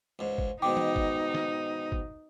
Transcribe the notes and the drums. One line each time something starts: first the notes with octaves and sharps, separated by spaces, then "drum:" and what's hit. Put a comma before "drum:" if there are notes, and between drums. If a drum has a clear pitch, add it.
C#2 G#2
drum: kick G1
G#2 B2 D#3 D#4 G5 D6
drum: tom E3
drum: kick G1
drum: snare
drum: kick G1